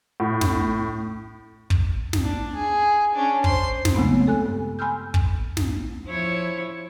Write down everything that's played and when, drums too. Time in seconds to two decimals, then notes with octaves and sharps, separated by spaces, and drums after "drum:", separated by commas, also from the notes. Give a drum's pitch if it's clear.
0.20 A2
0.41 drum: snare
1.70 drum: kick
2.13 drum: snare
2.23 D4
2.55 G#4
3.14 C#4 D4
3.44 C5 C6, drum: kick
3.85 drum: snare
3.94 C#3 F#3 G#3 A3 B3 C4
4.07 C#3
4.27 A4 G#5 F#6
4.46 G2
4.79 G#5 B5 C6 E6 F6 G6
5.14 drum: kick
5.57 drum: snare
6.06 F3 E4 C#5